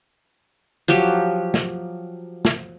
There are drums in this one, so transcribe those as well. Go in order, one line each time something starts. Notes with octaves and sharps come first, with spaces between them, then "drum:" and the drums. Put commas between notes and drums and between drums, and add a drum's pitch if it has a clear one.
F3 F#3 G4, drum: hi-hat
drum: snare
drum: snare